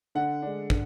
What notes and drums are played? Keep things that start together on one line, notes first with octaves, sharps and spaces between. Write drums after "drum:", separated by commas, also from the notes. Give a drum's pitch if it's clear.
D3 F#5
G#3 D4
D3, drum: kick